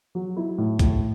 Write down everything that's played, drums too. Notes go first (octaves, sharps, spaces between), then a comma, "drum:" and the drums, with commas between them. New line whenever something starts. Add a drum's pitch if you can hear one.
F#3
E4
A2
A2, drum: kick C2, hi-hat